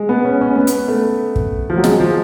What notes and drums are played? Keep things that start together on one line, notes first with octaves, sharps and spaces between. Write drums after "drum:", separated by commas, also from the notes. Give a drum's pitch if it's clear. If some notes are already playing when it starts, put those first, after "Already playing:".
Already playing: G#3
B3
C#4
C#4
B3
drum: hi-hat
A3
drum: kick
F3
F#3
G#3, drum: snare
F3